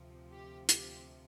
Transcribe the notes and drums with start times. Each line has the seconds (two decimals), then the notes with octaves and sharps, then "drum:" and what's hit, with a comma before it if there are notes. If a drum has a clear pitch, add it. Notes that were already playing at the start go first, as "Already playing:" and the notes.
Already playing: D2 C3 F3
0.31 G4
0.69 G4, drum: hi-hat